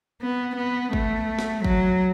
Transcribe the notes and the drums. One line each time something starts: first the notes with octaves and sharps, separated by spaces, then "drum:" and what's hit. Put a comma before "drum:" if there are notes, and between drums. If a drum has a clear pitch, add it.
B3
B3
A3, drum: kick
drum: snare
F#3, drum: kick